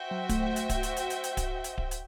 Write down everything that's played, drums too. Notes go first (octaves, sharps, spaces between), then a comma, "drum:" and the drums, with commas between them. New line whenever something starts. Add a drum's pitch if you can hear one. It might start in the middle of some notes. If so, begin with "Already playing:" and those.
Already playing: F#4 C5 E5 G5
F#3
A3, drum: kick D1, hi-hat
drum: hi-hat
drum: kick D1, hi-hat
drum: hi-hat
drum: hi-hat
drum: hi-hat
drum: hi-hat
drum: kick D1, hi-hat
drum: hi-hat
drum: kick D1
drum: hi-hat